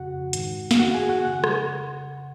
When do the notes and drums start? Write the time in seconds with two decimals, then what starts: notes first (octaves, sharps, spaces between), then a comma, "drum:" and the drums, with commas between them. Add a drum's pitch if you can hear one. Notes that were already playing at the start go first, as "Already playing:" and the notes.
Already playing: F2 C#3 F#4 F#5
0.33 G#2 D#3, drum: hi-hat
0.71 F5, drum: snare
0.79 F#2 D#3 F#4 F#5
0.94 G#4 G#5
1.09 F#4 F#5
1.25 C#3 F#5
1.44 drum: rim click